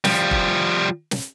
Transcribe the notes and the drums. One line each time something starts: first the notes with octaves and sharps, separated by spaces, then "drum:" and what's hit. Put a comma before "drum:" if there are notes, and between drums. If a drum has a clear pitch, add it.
F3 G3, drum: snare
drum: kick F1
drum: snare